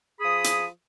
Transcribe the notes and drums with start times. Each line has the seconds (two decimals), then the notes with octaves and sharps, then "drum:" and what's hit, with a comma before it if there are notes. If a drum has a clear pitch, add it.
0.21 F3 G#4 B5 D#6
0.44 drum: hi-hat